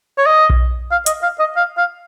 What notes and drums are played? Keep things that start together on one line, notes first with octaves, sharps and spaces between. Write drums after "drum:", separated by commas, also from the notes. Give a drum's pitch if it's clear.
C#5
D#5
drum: kick B1
F5
D#5, drum: hi-hat
F5
D#5
F5
F5